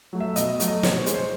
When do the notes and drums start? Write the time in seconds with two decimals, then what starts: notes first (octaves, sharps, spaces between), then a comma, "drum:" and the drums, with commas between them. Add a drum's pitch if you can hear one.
0.13 F#3 A3
0.20 E5
0.36 B2 D#5, drum: hi-hat
0.60 F#3 A3, drum: hi-hat
0.68 D#5
0.83 B2 C#5, drum: snare
0.99 C5
1.06 G#3, drum: hi-hat
1.15 C5